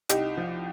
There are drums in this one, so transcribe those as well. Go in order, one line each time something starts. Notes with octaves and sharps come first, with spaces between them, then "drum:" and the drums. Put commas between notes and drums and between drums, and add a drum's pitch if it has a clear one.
C2 D#4 G4, drum: hi-hat
F3